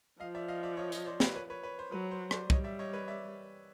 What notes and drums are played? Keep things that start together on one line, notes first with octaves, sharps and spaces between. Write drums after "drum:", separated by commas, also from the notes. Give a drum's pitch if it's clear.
F3 D#5 F5
D5 E5
D#5 F5
D5 E5
C#5 D#5
C#5 D#5, drum: tambourine
C5 D5
B4 C#5, drum: snare
B4 C#5
B4 C#5
B4 C#5
C5
F#3 B4
C5
C5 D5, drum: rim click
G3 C#5 D#5, drum: kick
D5 E5
C#5 D#5
B4 C#5
D5 E5